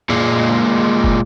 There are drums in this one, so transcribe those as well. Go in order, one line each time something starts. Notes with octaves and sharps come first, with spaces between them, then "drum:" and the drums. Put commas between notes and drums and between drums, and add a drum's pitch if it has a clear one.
A#2 G#3
drum: kick